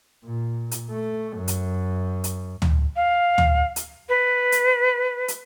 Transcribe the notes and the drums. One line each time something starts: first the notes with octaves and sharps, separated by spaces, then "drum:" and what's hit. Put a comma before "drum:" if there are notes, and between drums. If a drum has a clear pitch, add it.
A#2
drum: hi-hat
A3
F#2
drum: hi-hat
drum: hi-hat
drum: tom
F5
drum: tom
drum: hi-hat
B4
drum: hi-hat
drum: hi-hat